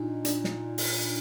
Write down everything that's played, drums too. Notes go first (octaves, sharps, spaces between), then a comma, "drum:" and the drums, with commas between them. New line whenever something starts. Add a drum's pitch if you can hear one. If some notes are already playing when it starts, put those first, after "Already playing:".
Already playing: A#2 D4 D#4
D4, drum: hi-hat
drum: snare
drum: open hi-hat